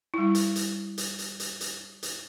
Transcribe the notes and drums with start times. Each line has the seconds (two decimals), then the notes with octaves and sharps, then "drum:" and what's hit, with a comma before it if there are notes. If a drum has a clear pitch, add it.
0.14 G3 E4
0.35 drum: hi-hat
0.56 drum: hi-hat
0.98 drum: hi-hat
1.19 drum: hi-hat
1.40 drum: hi-hat
1.61 drum: hi-hat
2.03 drum: hi-hat